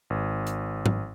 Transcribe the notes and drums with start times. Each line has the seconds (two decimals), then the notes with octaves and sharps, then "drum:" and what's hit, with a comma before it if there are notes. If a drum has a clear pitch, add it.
0.10 G#1
0.47 drum: hi-hat
0.86 drum: tom G#2